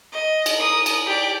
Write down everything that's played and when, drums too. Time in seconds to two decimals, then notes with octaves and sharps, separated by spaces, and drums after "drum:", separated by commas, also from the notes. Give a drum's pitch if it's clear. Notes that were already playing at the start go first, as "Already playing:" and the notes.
0.12 D#5
0.46 drum: cymbal
0.57 A#4 D#6
0.86 drum: cymbal
1.06 G4 D5